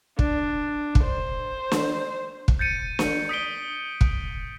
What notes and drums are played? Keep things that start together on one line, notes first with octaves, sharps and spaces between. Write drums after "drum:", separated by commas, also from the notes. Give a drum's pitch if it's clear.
D4, drum: kick
drum: kick
C5
drum: snare
drum: kick
G6 A6 C#7 D#7
drum: snare
D#6 B6 D7 G7
drum: kick